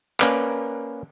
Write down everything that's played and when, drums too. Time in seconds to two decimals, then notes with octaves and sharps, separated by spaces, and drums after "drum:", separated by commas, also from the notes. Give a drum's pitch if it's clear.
0.20 A#3 C#4 A#4 B4 D5, drum: clap